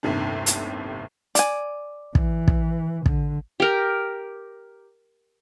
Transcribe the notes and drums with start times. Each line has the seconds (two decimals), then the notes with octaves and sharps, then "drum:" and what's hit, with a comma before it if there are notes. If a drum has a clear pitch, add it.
0.03 G1 D#2 A2 C3 D#3 D4
0.46 drum: hi-hat
1.35 D5 G#5, drum: hi-hat
2.15 E3, drum: kick
2.48 drum: kick
3.06 D3, drum: kick
3.60 G4 A#4